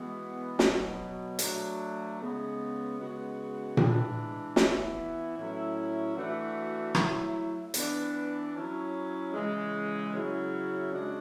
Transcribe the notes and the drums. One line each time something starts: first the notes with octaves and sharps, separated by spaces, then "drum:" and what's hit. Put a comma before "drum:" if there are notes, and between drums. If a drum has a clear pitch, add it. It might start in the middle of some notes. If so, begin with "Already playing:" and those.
Already playing: E3 G#3 B3 F#4
B2 F#3 B3, drum: snare
F#3 A3 D4 F#4, drum: hi-hat
C#3 G#3 B3
C#3 G#3 B3 F#4
E3 G#3 D4, drum: tom A#2
E3 B3 E4, drum: snare
A2 F#3 C#4 E4
E3 A3 D4 F#4
F#3 A3 E4, drum: rim click
E3 B3 D4, drum: hi-hat
F#3 C#4 E4
C#3 E3 G#3
C#3 F#3 C#4 E4
C#3 G#3 D4 F#4